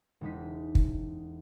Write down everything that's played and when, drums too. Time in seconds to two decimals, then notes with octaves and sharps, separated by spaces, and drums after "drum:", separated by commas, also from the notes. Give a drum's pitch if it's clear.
0.21 E1 E3 G#3 D#4 B6
0.75 drum: kick